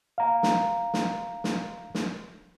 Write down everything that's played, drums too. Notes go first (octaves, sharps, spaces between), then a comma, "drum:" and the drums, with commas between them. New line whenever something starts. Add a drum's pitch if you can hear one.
F5 A#5
drum: snare
drum: snare
drum: snare
drum: snare